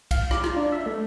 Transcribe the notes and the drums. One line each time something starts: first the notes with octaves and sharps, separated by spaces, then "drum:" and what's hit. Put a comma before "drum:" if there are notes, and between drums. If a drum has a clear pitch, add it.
F5, drum: kick B1, cymbal
D6, drum: rim click
F4, drum: rim click
D4
E5
A3